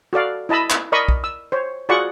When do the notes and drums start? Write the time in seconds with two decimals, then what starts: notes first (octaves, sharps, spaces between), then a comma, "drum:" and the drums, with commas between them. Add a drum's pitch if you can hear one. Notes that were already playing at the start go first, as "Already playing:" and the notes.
0.13 F#4 A4 D5 F5
0.49 E4 D#5 A5 B5 E6
0.70 drum: clap
0.92 A#4 D5 D#5 B5 C#6 D#6
1.08 drum: kick
1.24 E6
1.52 C5 C#5
1.89 F4 F#4 G#4 D5 F#5 C#6